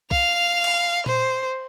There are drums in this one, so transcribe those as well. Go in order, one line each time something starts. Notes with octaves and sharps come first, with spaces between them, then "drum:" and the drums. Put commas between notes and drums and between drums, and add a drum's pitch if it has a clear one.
F5 F7, drum: kick C2
drum: cymbal
C5, drum: tom A#2